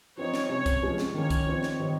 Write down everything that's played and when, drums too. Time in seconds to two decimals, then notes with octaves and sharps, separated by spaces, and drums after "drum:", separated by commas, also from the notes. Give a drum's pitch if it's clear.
0.17 F3 C4 D#4 C#5
0.34 drum: snare
0.49 C3 G3 C#4 C#5
0.66 drum: kick C2, hi-hat
0.82 F3 G#3 C#4
0.98 drum: snare
1.14 D#3 A#3 C#4 C#5
1.30 drum: kick C2, hi-hat
1.46 F3 C4 D#4
1.63 drum: snare
1.79 D#3 G3 C4 D#4